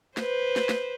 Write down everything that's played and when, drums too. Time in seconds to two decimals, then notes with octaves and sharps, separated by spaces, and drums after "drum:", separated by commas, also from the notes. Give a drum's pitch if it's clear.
0.17 B4 C5, drum: snare
0.56 drum: snare
0.69 drum: snare